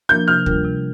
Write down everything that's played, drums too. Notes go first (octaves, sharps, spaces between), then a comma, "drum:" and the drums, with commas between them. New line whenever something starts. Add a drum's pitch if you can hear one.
F3 A#3 D4 A#4 G6
C3 F6
G3 D4 F4 A#4, drum: kick D2
C3